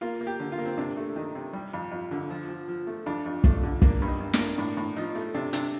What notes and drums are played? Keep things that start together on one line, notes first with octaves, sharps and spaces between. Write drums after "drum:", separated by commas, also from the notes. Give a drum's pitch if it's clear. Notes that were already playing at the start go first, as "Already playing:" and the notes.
A#3 F4
A#3
G4
D3
F4
A#3
C4
C3 D4
A3
D#3 D#4
C3
G3
F2
F2
D3
F3
F3
F3
A3
F2 D4
F2
A3 D4, drum: kick
D3
A#3 D4, drum: kick
G2
D#4
G2
D4, drum: snare
A#3
A2 D4
A2
F3 D#4
A3
C3 D4
C3 D4, drum: hi-hat